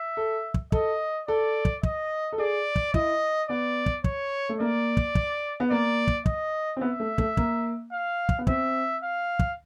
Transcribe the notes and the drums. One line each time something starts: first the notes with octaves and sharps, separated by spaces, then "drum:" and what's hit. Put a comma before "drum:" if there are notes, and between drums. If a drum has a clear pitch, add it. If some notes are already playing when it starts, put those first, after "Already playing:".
Already playing: E5
A4
drum: kick
A4 D#5, drum: kick
A4 D5
drum: kick
D#5, drum: kick
A4
G#4 D5
drum: kick
E4 D#5, drum: kick
B3 D5
drum: kick
C#5, drum: kick
A3
A#3 D5
drum: kick
drum: kick
B3
A#3 D5
drum: kick
D#5, drum: kick
C4
B3 E5
A3
A3, drum: kick
A#3, drum: kick
F5
drum: kick
B3
C4 E5, drum: kick
F5
drum: kick